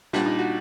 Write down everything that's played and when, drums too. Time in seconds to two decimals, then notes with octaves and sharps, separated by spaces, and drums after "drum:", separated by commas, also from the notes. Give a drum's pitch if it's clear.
0.13 A#2 G3 D4, drum: snare
0.26 D#4
0.38 F#4